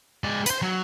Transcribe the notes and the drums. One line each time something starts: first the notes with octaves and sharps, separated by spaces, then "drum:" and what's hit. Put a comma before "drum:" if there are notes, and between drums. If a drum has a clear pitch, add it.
G#3 D5
B4 C5, drum: hi-hat
F#3